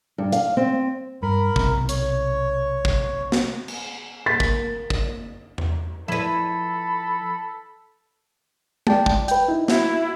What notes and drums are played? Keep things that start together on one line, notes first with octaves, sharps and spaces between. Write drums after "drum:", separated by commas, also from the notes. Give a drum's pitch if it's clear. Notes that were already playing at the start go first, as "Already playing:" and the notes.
G2
F5, drum: hi-hat
C4
G2 A#4 B5
B1 C3, drum: kick
C#5, drum: hi-hat
drum: kick
drum: snare
drum: cymbal
A#3 A6 B6
drum: kick
drum: kick
drum: tom E2
F3 E4 A4 B4 E5 B5
D5 G5 A5, drum: tom G#3
drum: kick
B4 G5, drum: hi-hat
D#4 E4
E4 F#4, drum: snare